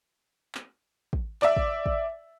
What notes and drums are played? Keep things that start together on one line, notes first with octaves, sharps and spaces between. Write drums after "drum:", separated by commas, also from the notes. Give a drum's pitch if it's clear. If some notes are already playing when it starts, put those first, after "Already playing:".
drum: clap
drum: kick
D5 E5, drum: clap
drum: kick
drum: kick